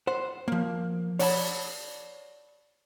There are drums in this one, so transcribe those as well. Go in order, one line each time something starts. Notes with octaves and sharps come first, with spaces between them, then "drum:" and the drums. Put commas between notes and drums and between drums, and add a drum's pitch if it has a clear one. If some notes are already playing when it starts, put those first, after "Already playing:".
C5 F#5
F3 A#3
C#5 D5 F#5 A5 B5, drum: open hi-hat